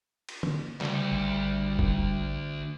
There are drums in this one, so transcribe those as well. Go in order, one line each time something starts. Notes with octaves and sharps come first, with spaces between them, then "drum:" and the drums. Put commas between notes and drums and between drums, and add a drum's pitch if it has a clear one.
drum: cymbal
drum: tom
D2 C#3 G3, drum: clap
A1
drum: kick